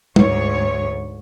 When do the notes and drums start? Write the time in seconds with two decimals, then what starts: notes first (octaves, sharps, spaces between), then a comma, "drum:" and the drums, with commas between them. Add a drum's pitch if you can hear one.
0.16 D2 G#2 C#5, drum: tom